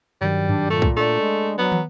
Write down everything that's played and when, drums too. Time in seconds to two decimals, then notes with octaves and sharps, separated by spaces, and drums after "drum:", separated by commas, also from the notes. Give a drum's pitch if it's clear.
0.21 G2 D#3 F#3 G3
0.49 D4, drum: tom G2
0.70 A#2 A3
0.82 drum: kick C2
0.97 A3 D4 D5
1.19 G#3
1.58 F#3 B3
1.72 drum: tom